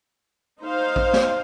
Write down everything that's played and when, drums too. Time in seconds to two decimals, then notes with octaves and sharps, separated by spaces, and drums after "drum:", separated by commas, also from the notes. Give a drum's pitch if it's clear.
0.61 D#4 C5 F5
0.96 drum: kick A1
1.13 drum: snare